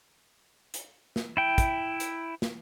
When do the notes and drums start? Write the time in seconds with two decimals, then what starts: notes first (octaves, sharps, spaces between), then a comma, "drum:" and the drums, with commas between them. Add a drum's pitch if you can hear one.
0.74 drum: hi-hat
1.16 drum: snare
1.37 E4 G5
1.58 drum: kick, hi-hat
2.00 drum: hi-hat
2.42 drum: snare